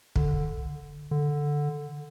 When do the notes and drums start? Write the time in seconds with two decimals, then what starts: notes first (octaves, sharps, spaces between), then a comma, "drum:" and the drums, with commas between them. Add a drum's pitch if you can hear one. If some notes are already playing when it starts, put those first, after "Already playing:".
0.16 D3, drum: kick
1.11 D3